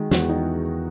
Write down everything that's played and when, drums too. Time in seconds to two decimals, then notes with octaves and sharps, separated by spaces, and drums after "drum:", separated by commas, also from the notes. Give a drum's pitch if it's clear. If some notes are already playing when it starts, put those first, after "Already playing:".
Already playing: D#3 G#3 F#4
0.11 E2 F#4, drum: snare
0.29 D#4